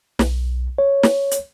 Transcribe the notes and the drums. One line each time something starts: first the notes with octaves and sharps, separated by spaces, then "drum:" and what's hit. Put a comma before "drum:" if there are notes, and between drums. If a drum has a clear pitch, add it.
B1, drum: snare
C#5
drum: snare
drum: hi-hat